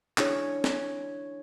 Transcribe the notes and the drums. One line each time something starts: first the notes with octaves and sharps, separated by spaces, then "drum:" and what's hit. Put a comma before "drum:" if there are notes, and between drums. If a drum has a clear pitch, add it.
D4 E4 G#4 C#5, drum: clap
drum: snare